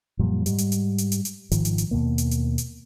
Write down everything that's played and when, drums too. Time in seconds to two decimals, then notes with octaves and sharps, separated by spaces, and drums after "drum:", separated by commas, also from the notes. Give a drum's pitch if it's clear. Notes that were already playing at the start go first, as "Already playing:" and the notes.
0.19 F#2 A#2 F3 G3
0.46 G#2 G3, drum: hi-hat
0.58 drum: hi-hat
0.72 drum: hi-hat
0.98 drum: hi-hat
1.12 drum: hi-hat
1.25 drum: hi-hat
1.52 G#1 G#2 D#3 F3, drum: hi-hat
1.65 drum: hi-hat
1.78 drum: hi-hat
1.91 D#2 B2 A#3
2.18 drum: hi-hat
2.31 drum: hi-hat
2.58 drum: hi-hat